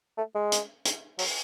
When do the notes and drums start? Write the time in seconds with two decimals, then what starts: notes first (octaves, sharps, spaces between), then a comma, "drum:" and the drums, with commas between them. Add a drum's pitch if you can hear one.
0.18 A3
0.35 G#3
0.52 drum: hi-hat
0.85 drum: hi-hat
1.19 F#3, drum: open hi-hat